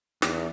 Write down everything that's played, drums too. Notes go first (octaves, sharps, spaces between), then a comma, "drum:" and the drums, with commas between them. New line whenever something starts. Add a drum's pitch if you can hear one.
E2, drum: snare